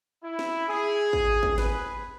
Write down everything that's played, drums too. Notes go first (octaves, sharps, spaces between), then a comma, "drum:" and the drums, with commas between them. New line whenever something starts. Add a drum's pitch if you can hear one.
E4
drum: snare
G#4
drum: kick
drum: kick
B4, drum: snare